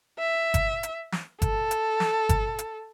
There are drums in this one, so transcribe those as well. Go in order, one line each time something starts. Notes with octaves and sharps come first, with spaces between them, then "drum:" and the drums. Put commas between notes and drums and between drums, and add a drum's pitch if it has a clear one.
E5
drum: kick G1, hi-hat
drum: hi-hat
drum: snare
A4, drum: kick G1, hi-hat
drum: hi-hat
drum: snare
drum: kick G1, hi-hat
drum: hi-hat